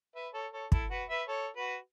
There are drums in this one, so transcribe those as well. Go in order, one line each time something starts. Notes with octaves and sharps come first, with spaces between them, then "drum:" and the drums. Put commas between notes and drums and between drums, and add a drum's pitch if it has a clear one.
B4 E5
A4 C#5
A4 C#5
E4 A4, drum: kick
F#4 B4
B4 E5
A4 C#5
F#4 B4